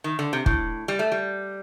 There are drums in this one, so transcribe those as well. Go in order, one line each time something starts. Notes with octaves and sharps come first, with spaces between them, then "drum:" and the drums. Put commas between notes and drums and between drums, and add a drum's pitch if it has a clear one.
D#3
D3
C3
A2, drum: kick
G3
A3
G3